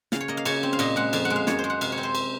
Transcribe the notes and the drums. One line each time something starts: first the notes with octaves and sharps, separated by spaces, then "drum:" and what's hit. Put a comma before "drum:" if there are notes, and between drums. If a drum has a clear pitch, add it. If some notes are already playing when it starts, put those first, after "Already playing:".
C#3 F5, drum: snare
C#5
A#3 D#5
F5
C#3 C#5, drum: cymbal
C4
F5
A#2 D#5, drum: cymbal
G#3 F#5
F2 F5, drum: cymbal
F#5
G#3
F5
F#2 C#5, drum: snare
C5
G#3
F#5
C3 F5, drum: cymbal
C#5
C4
C5
drum: cymbal